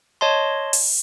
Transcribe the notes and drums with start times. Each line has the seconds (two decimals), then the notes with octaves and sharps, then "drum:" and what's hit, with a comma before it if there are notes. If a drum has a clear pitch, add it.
0.21 C#5 D#5 A5 C6
0.73 drum: open hi-hat